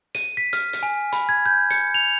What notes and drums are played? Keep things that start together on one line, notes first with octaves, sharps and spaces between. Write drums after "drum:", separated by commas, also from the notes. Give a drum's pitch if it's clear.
D#7, drum: hi-hat
B6
F6, drum: hi-hat
drum: hi-hat
G#5
B5, drum: hi-hat
G#6
G6
C#7, drum: hi-hat
F7